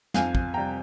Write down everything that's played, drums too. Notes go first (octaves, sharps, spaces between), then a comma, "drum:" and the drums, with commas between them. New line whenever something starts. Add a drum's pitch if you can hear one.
F2 F5 G#5, drum: snare
drum: kick
C3 G3 G5 A#5